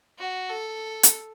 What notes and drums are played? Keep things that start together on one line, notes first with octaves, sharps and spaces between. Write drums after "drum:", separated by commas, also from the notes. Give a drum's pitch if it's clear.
F#4
A4
drum: hi-hat